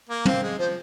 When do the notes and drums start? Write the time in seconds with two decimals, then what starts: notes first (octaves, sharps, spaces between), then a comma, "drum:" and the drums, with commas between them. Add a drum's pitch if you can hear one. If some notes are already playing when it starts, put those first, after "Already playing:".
0.09 A#3
0.25 C4 F5, drum: tom
0.43 G#3
0.58 F3 C5